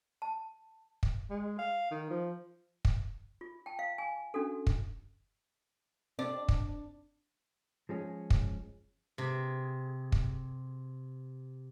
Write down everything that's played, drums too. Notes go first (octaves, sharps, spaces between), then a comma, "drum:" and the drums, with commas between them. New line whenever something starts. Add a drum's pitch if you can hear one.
A5
drum: kick
G#3
F5
D#3
F3
drum: kick
F4
G5 A5
F5
G#5
C#4 D4 F#4 A4
drum: kick
C4 D4
drum: kick
F3 G#3 C#4
drum: kick
C3 G#4
drum: kick